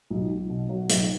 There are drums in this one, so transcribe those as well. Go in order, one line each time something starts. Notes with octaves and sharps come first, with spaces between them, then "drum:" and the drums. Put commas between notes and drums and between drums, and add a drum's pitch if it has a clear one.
B1
B1
B2
F#3
B1, drum: hi-hat